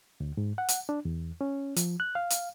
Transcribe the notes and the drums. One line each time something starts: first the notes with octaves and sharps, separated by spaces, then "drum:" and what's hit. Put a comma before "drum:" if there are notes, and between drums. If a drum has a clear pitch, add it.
D2
G#2
F#5
drum: hi-hat
D4
E2
C#4
F3, drum: hi-hat
F#6
F5
drum: hi-hat